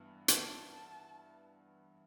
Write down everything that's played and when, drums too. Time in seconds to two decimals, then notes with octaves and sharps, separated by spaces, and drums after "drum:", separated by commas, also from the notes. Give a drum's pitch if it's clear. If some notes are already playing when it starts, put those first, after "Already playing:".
Already playing: G2 E3 B3 E4
0.28 A5, drum: hi-hat